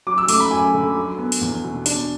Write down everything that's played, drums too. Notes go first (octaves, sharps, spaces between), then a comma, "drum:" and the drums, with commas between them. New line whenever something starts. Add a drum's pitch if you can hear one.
F#3 D6
E6
A3 D6, drum: open hi-hat
B5
F#2 G#5
D3
F#3
B3
drum: open hi-hat
E2
B2
D4, drum: open hi-hat